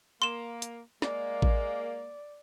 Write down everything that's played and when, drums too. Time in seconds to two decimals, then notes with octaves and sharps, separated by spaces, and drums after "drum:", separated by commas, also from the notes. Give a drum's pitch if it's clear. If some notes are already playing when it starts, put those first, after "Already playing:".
0.22 A#3 C6 E7
0.62 drum: hi-hat
1.02 G#3 A#3 D5, drum: snare
1.42 drum: kick A1